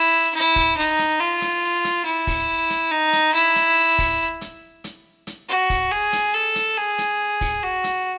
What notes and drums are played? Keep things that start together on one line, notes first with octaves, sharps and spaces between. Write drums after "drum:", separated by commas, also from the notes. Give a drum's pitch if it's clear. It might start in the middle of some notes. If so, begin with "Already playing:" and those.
Already playing: E4
E4
drum: kick, open hi-hat
D#4
drum: hi-hat
F4
drum: hi-hat
drum: hi-hat
E4
drum: kick, open hi-hat
drum: hi-hat
D#4
drum: hi-hat
E4
drum: hi-hat
drum: kick, open hi-hat
drum: hi-hat
drum: hi-hat
drum: hi-hat
F#4
drum: kick, open hi-hat
G#4
drum: hi-hat
A4
drum: hi-hat
G#4
drum: hi-hat
drum: kick, open hi-hat
F#4
drum: hi-hat